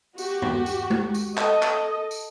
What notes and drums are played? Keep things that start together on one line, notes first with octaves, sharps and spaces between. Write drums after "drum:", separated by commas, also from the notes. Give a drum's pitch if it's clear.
F#4 G4, drum: tambourine
drum: tom
drum: tambourine
drum: tom G#3
drum: tambourine
A4 D#5, drum: clap
drum: clap
drum: tambourine